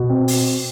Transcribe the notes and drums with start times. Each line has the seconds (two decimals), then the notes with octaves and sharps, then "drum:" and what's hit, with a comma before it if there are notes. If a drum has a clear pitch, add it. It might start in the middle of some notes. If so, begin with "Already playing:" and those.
Already playing: B2
0.10 C4
0.28 drum: open hi-hat